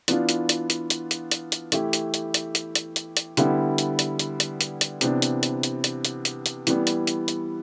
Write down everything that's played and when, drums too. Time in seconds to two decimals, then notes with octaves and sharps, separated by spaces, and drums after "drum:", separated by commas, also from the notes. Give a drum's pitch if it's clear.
0.08 E3 B3 D4 F4, drum: hi-hat
0.29 drum: hi-hat
0.49 drum: hi-hat
0.70 drum: hi-hat
0.90 drum: hi-hat
1.11 drum: hi-hat
1.31 drum: hi-hat
1.52 drum: hi-hat
1.72 E3 A3 E4 G4, drum: hi-hat
1.93 drum: hi-hat
2.14 drum: hi-hat
2.34 drum: hi-hat
2.55 drum: hi-hat
2.75 drum: hi-hat
2.96 drum: hi-hat
3.17 drum: hi-hat
3.37 D3 G3 B3 E4, drum: hi-hat
3.78 drum: hi-hat
3.99 drum: hi-hat
4.19 drum: hi-hat
4.40 drum: hi-hat
4.61 drum: hi-hat
4.81 drum: hi-hat
5.01 C3 E3 B3 D4, drum: hi-hat
5.22 drum: hi-hat
5.43 drum: hi-hat
5.63 drum: hi-hat
5.84 drum: hi-hat
6.05 drum: hi-hat
6.25 drum: hi-hat
6.46 drum: hi-hat
6.67 E3 G3 B3, drum: hi-hat
6.87 drum: hi-hat
7.07 drum: hi-hat
7.28 drum: hi-hat